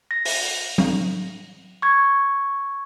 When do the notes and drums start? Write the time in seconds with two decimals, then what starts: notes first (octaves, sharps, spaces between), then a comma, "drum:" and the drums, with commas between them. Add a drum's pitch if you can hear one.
0.11 A#6
0.25 drum: open hi-hat
0.78 drum: tom F#3
1.82 C#6 G#6